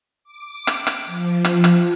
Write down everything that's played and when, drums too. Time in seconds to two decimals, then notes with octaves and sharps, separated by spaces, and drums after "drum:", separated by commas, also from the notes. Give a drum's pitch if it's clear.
0.24 D6
0.67 drum: rim click
0.87 drum: rim click
1.06 F3
1.45 drum: rim click
1.64 drum: rim click